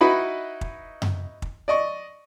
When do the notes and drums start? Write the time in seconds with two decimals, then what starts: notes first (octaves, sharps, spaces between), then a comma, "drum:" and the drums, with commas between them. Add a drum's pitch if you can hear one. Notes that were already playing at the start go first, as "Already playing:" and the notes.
0.01 D#4 E4 F#4 B4 D#5 B5
0.61 drum: kick
1.02 drum: tom F#2
1.42 drum: kick
1.68 D5 D#5 C#6